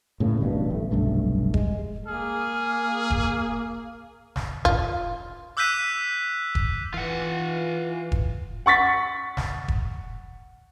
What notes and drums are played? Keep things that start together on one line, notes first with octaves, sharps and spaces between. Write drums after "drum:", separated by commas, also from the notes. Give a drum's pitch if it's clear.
A2 C#3 A#3
D1 A1 G2 B2
A1 A3
F1 B1 G2 A3
G#3, drum: kick E1
A#3 G#4 F6
drum: kick E1
drum: snare
F4, drum: kick E1
D6 E6 F#6 G6 B6 D#7
drum: kick E1
E3 F4 F#5
drum: kick E1
F#5 C#6 A6 B6
drum: snare
drum: kick E1